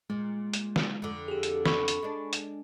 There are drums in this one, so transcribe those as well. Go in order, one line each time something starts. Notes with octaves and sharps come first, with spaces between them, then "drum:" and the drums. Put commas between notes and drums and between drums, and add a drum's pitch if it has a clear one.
A#2 G#3
drum: hi-hat
drum: snare
F2 D3
G4 G#4
drum: hi-hat
B5 C#6, drum: snare
drum: hi-hat
G#3 D4
drum: hi-hat